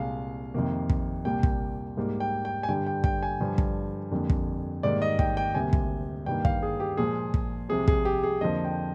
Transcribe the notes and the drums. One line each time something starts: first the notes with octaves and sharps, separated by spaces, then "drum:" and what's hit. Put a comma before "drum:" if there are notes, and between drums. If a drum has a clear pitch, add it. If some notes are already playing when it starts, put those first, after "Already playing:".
Already playing: C2 A#2 G#3 F5
F2 C3 D#3 A#3
drum: kick
C2 A#2 G3 A#3 G5
drum: kick
G#2 G3 A#3
G5
G5
G#5
G2 D3 G3 G5
G5
G5, drum: kick
G#5
G2 D3 F3
drum: kick
F2 D3 G3 A#3
drum: kick
G#2 D#3 G3 A#3 D5
D#5
G5, drum: kick
G5
D2 C3 G3 A#3 G#5
drum: kick
G2 D#3 G3 A#3 G5
F5, drum: kick
G#4
G4
A#2 F3 G#3 G#4
drum: kick
C2 C3 F3 G#3 G#4
G#4, drum: kick
G4
G#4
F2 D3 F3 A#3 D#5
G5